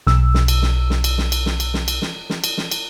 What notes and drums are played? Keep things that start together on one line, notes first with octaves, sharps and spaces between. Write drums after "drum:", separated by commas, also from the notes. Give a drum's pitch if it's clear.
B1 E6, drum: snare
drum: snare
drum: cymbal
drum: snare
drum: snare
drum: cymbal
drum: snare
drum: cymbal
drum: snare
drum: cymbal
drum: snare
drum: cymbal
drum: snare
drum: snare
drum: cymbal
drum: snare
drum: cymbal